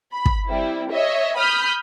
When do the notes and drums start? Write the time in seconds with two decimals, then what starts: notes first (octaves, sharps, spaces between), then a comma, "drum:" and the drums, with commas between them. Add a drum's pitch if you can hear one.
0.12 B5
0.26 drum: kick
0.48 G3 C4 E4
0.91 C#5 D#5 E5
1.36 B5 D#6 F6 G6